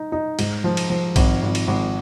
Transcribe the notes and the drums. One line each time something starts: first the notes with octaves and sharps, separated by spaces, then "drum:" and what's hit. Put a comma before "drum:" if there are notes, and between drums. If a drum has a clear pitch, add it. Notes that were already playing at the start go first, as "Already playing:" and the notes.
Already playing: D#4
D#4
G#2, drum: cymbal
F3
drum: cymbal
F3
G#1, drum: kick B1, cymbal
G#1
drum: cymbal
G#1